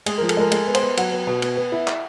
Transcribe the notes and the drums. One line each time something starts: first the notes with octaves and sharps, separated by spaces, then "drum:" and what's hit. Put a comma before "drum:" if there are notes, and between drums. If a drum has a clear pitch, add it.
G#3 G#4, drum: cymbal
F3 A#4
A4, drum: cymbal
G#3 A#4
G#3, drum: cymbal
B3
C5, drum: cymbal
B3
F#3 F#5, drum: cymbal
B3
B2
B3, drum: cymbal
B3
E4
drum: clap